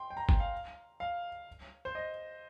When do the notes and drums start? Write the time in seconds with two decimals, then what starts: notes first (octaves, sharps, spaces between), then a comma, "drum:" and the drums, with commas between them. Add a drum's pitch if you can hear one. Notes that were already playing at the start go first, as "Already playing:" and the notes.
Already playing: G5 C6
0.10 G5
0.17 A#5
0.29 G5, drum: kick G1
0.40 F5
1.00 F5
1.85 C5
1.95 D#5